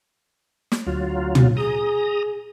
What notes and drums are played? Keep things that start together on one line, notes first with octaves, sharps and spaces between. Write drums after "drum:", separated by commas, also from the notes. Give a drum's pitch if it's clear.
drum: snare
D2 F#3 F4
drum: tom
G#4 A#5 D#6